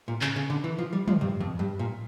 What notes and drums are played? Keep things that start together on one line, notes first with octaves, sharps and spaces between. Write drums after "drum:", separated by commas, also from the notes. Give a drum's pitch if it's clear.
A#2
C#3, drum: clap
C#3
D3
E3
F3
G3
F3, drum: tom
G2
F2
G2
A#2